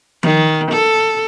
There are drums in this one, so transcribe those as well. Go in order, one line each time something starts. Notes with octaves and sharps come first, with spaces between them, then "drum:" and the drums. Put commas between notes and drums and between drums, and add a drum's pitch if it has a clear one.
D#3, drum: tom F3
A4